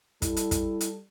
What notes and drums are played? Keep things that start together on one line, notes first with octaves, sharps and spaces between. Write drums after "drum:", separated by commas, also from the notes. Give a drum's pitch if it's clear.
G3 E4 A4, drum: kick, hi-hat
drum: hi-hat
drum: kick, hi-hat
drum: hi-hat